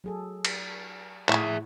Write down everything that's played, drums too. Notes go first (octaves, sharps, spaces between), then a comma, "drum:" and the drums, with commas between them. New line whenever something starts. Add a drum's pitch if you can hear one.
F#3 G#4 A4
drum: cymbal
A2 E4 G#4 E5 F#5 C#6, drum: clap